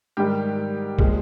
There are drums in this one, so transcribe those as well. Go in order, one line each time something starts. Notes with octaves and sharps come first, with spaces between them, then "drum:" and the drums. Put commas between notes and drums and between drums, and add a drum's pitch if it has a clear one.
G#2 D#3 G3 G4
A#2 F3 G#3, drum: kick